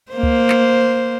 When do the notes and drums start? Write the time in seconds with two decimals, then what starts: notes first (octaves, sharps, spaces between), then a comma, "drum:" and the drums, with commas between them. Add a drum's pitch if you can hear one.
0.12 A#3 C5
0.23 drum: kick C#2
0.50 drum: clap